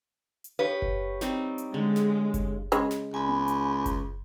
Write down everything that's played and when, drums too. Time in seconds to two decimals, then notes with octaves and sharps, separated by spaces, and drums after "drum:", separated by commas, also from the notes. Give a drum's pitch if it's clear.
0.44 drum: hi-hat
0.59 G4 B4 C#5 F5
0.82 drum: kick F#1
1.21 G3 C4 D#4, drum: snare
1.58 drum: hi-hat
1.74 D3 G#3
1.96 drum: snare
2.34 drum: kick F#1, hi-hat
2.72 C#3 G#3, drum: hi-hat
2.91 drum: snare
3.14 C#2 G#5 B5
3.29 drum: tom B3
3.48 drum: hi-hat
3.86 drum: kick F#1, hi-hat